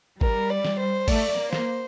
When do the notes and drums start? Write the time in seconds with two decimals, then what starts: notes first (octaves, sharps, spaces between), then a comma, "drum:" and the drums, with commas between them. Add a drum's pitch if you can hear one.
0.21 G3 A#4, drum: kick G#1
0.50 D5
0.65 drum: snare
0.79 C5
1.08 A3 D5, drum: kick G#1, open hi-hat
1.38 A#3
1.53 C5, drum: snare